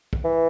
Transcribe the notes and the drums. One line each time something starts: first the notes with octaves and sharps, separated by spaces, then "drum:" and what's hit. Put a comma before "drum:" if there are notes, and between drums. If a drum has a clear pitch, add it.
drum: kick
E3